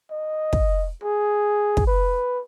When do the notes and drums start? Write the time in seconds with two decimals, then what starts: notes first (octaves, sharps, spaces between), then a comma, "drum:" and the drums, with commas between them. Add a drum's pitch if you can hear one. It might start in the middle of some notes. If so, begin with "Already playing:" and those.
0.11 D#5
0.53 drum: kick
1.04 G#4
1.77 drum: kick
1.87 B4